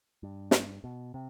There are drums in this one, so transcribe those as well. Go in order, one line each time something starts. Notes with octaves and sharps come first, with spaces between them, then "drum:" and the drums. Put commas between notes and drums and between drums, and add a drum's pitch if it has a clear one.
G2
drum: snare
B2
C3